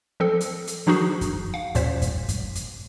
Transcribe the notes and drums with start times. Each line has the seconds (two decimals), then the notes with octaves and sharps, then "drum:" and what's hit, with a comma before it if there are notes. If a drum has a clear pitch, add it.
0.20 F3 C4 A4
0.41 drum: hi-hat
0.67 drum: hi-hat
0.86 D#3 F3 D4 D#4 F#4 G#4
1.21 drum: kick F#2, hi-hat
1.54 F5 F#5
1.75 D#2 A#2 C#4 C5 B6, drum: hi-hat
2.02 drum: kick F#2, hi-hat
2.29 drum: kick F#2, hi-hat
2.55 drum: hi-hat